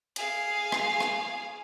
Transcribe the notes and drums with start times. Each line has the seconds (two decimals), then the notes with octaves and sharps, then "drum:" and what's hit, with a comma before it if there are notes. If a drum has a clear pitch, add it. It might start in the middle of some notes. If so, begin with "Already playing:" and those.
0.16 G#4 F5, drum: cymbal
0.72 drum: rim click
1.00 drum: rim click